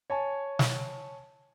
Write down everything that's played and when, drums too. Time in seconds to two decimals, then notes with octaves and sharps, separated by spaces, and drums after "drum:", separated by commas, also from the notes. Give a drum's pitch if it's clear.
0.10 C#5 G#5 A5
0.59 drum: snare